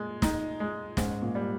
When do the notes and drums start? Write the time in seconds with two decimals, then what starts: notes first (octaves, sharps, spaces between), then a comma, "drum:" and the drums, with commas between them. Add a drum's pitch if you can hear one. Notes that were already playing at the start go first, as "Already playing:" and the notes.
Already playing: A#2 G#3
0.22 D#4, drum: snare
0.60 G#3
0.97 G#2 C#4, drum: snare
1.22 A#2
1.35 G3